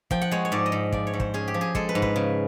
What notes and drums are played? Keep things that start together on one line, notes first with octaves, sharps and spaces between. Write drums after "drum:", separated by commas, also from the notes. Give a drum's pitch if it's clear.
F3 G5, drum: kick
F#5
G#3 C#5
C#5
G#2 D5
D#5
G#2
F3 D5, drum: kick
C#5
G#2
C5, drum: kick
C#4 G#4
G4
F3
G#4
G#3 A4, drum: kick
B4
G#2
B4, drum: kick
C#3